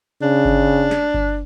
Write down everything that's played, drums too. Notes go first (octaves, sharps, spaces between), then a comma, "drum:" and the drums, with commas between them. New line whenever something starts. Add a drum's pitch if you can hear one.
C#3 D4
drum: kick G1
drum: snare
drum: kick G1